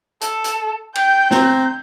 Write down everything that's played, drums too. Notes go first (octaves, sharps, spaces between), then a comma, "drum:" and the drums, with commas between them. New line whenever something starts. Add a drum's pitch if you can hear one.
A4, drum: hi-hat
drum: hi-hat
G5 G6, drum: cymbal
C4 A#5, drum: snare